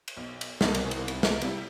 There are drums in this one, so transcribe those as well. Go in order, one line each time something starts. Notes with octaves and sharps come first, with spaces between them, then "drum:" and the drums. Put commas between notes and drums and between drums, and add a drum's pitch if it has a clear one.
drum: cymbal
B1
drum: cymbal
C2 B2 D#3, drum: snare
drum: cymbal
drum: cymbal
drum: cymbal
F4 D7, drum: snare
C3 G3 E4, drum: cymbal